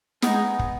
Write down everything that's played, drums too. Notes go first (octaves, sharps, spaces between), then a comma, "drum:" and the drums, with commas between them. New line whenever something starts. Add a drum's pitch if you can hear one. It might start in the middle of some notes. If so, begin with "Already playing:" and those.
G#3 B3 D#4 G#4, drum: snare
drum: kick